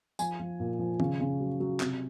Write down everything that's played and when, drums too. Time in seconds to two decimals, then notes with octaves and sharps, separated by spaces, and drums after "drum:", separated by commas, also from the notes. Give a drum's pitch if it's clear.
0.19 F3 G#5, drum: tambourine
0.40 F3
0.60 A#2
0.79 F3
1.00 C#3, drum: tom D#3
1.21 C#3
1.40 F#3
1.60 F#3
1.80 C3, drum: clap